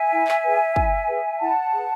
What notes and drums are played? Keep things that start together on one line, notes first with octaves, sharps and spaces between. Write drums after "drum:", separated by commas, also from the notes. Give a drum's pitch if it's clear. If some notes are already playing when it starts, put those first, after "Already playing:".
Already playing: E5 G#5
E4
drum: clap
G#4 B4
E4, drum: kick
G#4 B4
E4 F#5 A5
G#4 B4